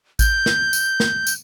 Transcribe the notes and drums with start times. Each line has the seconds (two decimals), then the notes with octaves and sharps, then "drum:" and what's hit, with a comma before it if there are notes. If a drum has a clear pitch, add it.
0.19 G6, drum: kick A1, tambourine
0.46 drum: snare
0.73 drum: tambourine
1.00 drum: snare
1.27 drum: tambourine